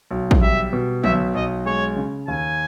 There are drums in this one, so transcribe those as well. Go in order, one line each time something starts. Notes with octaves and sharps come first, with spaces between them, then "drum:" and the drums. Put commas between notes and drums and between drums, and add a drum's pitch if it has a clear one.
B1
drum: kick
G3 E5
B2
B1 E5, drum: tom
B1 D#5
G#3 C#5
C#3
D#2 G#5